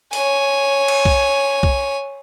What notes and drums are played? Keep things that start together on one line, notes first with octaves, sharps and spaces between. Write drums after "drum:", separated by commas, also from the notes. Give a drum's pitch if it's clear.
C#5 G#5, drum: open hi-hat
drum: cymbal
drum: kick B1
drum: kick B1